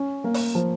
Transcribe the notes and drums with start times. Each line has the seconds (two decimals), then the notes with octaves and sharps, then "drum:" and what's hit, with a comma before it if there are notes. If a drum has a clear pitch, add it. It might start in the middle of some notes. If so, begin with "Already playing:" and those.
Already playing: C#4
0.24 A#3
0.34 drum: open hi-hat
0.55 F3